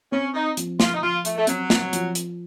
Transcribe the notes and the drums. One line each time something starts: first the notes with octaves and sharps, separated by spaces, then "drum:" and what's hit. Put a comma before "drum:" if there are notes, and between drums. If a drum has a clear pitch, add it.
C4 C#4
D#4
F3, drum: hi-hat
F4, drum: snare
D#4
F3 F4
A3, drum: hi-hat
A3
F#3 C4, drum: hi-hat
drum: snare
F3, drum: hi-hat
drum: hi-hat